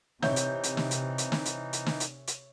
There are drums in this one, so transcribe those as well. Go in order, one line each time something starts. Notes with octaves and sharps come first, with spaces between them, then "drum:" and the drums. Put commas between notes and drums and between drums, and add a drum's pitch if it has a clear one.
C3 E3 D#4 C#5 E5 G6, drum: snare
drum: hi-hat
drum: hi-hat
drum: snare
drum: hi-hat
drum: hi-hat
drum: snare
drum: hi-hat
drum: hi-hat
drum: snare
drum: hi-hat
drum: hi-hat